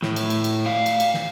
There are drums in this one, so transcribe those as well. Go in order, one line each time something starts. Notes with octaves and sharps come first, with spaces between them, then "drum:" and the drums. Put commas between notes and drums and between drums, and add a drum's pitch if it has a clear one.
A2, drum: snare
drum: cymbal
drum: cymbal
drum: cymbal
D5 F5
drum: cymbal
drum: cymbal
drum: snare